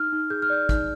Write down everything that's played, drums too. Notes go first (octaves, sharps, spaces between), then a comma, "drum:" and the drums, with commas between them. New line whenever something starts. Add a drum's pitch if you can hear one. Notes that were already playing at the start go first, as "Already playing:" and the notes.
Already playing: D#4 F6
D#4
G#4 G6
F6
D5 G6
D#4, drum: kick, hi-hat